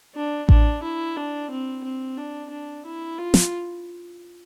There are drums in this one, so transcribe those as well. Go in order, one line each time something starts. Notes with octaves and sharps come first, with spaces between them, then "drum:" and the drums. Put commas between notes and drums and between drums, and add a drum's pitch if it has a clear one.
D4
D4, drum: kick A1
E4
D4
C4
C4
D4
D4
E4
F4
drum: snare